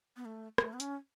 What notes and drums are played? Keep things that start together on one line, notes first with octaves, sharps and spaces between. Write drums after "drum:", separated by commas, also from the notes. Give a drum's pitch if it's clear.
B3
A3
A3, drum: rim click
B3
C#4, drum: hi-hat